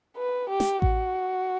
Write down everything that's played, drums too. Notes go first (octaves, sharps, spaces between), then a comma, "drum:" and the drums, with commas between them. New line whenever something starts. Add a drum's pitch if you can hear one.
B4
G4
drum: snare
F#4, drum: kick A1